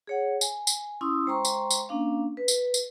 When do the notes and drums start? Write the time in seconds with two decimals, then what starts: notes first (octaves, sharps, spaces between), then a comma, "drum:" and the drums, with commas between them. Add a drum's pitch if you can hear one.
0.07 G#4 C#5 F#5
0.41 G#5, drum: tambourine
0.67 drum: tambourine
1.01 C#4 E4 C6 D#6 E6
1.27 G#3 C5 G5 A#5 C6 C#6
1.45 drum: tambourine
1.71 drum: tambourine
1.89 A#3 C#4 D4 F5
2.37 B4
2.48 drum: tambourine
2.74 drum: tambourine